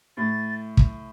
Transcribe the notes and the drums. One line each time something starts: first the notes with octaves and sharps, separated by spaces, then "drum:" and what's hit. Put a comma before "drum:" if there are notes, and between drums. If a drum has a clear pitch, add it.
A2 A6
drum: kick